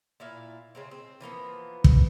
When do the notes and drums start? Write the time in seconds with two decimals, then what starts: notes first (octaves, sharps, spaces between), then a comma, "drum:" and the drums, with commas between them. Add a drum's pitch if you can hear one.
0.20 A#2 E4 F5
0.75 C#3 G#3 C4
0.91 C4
1.20 E3 F3 A#3 B3
1.84 drum: kick